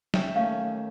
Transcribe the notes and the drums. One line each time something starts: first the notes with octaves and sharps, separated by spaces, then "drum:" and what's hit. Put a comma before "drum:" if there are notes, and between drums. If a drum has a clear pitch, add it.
C#4 E5 G5, drum: snare F#3
D#2 A3 C#4 F5